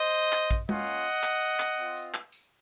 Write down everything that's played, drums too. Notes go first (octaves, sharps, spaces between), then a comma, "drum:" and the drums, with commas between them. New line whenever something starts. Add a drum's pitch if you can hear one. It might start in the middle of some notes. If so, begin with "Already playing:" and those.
Already playing: C5 D#5
drum: tambourine
drum: clap
drum: kick, tambourine
A#3 C#4 F4 D#5 F#5, drum: tom G#3
drum: tambourine
drum: tambourine
drum: clap
drum: tambourine
drum: clap
C4 F4, drum: tambourine
drum: tambourine
drum: clap
drum: tambourine